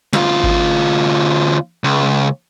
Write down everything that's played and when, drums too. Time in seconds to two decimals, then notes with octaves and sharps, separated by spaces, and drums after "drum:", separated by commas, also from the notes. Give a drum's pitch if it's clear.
0.13 D2 F4, drum: snare
0.44 drum: kick G#1
1.84 C#2